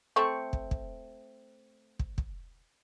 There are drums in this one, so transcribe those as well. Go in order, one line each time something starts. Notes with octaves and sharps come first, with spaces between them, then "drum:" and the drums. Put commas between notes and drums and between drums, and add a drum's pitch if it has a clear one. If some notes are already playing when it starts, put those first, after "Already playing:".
A3 C4 C#6
drum: kick
drum: kick
drum: kick
drum: kick